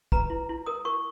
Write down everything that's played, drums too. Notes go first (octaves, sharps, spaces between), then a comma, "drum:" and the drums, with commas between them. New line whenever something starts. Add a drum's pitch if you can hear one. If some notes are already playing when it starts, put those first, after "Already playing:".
B4 A#5, drum: kick
E4
E4
A#4 D#6
A#4 C#6